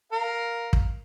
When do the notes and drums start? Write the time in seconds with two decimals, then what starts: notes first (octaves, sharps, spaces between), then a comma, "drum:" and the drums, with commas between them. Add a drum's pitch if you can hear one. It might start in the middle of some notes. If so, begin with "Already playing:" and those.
0.12 A#4 F5
0.73 drum: kick